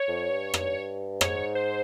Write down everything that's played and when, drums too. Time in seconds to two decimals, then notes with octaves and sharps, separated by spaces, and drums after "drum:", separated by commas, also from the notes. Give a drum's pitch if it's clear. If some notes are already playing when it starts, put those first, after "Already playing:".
Already playing: C#5
0.08 F2
0.31 G2
0.54 drum: rim click
1.21 G#2 C#5, drum: rim click
1.55 C5